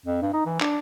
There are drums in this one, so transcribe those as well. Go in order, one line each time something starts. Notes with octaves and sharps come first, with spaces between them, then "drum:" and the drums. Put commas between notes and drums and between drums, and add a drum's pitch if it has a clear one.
F2
G2
D#4
E3
D4, drum: clap